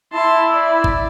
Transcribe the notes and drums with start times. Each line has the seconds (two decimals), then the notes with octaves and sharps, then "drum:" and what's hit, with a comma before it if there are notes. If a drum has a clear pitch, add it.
0.13 E4 A5 C6
0.52 D5
0.84 drum: kick G1